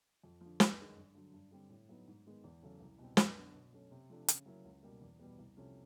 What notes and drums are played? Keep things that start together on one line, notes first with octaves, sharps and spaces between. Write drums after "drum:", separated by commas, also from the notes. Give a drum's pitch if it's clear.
F2
D3 F3
F#2, drum: snare
D#3 G#3 C#4
G2
D3 F#3
G2
D3 G3 C4
A2
F#3 B3 D#4
G#2
D#3 G#3 B3
E2
C#3 F#3 A3 C#4
C2
B2 G3 C4
F#2, drum: snare
D3 F#3 B3 D4
B2
F#3 A3 C#4
C3
F3 A3 D4
C#3, drum: hi-hat
F#3 A#3 C#4 E4
C#2
B2 G3 A#3
E2
B2 G3 B3
C2
C3 F3 A3 C#4